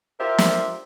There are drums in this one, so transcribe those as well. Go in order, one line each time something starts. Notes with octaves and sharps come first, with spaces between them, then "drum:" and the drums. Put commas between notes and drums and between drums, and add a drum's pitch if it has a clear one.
F4 G4 A#4 C5 E5
drum: snare